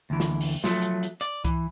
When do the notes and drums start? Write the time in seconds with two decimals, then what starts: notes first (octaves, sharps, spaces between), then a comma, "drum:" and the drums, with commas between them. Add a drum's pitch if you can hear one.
0.10 D2 E3
0.20 drum: snare
0.41 drum: open hi-hat
0.64 F3 F#3 A3, drum: snare
0.82 drum: hi-hat
1.03 drum: hi-hat
1.21 D5, drum: hi-hat
1.45 E3, drum: kick C2, hi-hat